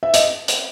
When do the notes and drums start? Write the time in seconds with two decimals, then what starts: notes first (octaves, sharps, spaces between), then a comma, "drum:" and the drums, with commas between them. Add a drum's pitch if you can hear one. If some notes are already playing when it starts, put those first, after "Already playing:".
0.03 E5
0.14 D#5, drum: hi-hat
0.48 drum: hi-hat